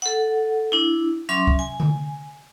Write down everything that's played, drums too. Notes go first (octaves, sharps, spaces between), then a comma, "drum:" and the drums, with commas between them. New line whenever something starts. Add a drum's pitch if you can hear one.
A4 F#5
D4 E4
F#3 C#4 E5 C6 D6
drum: kick
G#5
drum: tom D3